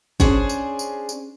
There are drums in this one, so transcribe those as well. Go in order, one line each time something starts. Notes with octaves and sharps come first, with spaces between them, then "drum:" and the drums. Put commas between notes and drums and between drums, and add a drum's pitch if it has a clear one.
C#4 D4 G#4 C5, drum: kick, tambourine
drum: tambourine
drum: tambourine
drum: tambourine